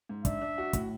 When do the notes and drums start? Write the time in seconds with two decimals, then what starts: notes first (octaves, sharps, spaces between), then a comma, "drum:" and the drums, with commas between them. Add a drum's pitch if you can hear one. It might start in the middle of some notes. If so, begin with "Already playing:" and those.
0.09 G#2
0.25 D4 E5, drum: kick, hi-hat
0.41 D4
0.58 F#4
0.73 A2, drum: kick, hi-hat